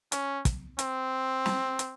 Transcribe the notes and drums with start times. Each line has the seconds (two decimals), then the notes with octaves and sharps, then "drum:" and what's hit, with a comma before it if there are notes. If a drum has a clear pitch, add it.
0.12 C#4, drum: hi-hat
0.45 drum: kick, hi-hat
0.79 C4, drum: hi-hat
1.46 drum: snare
1.79 drum: hi-hat